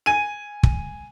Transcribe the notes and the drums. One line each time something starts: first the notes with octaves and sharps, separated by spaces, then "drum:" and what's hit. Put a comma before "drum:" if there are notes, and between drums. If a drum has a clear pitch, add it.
G#5 D#7
drum: kick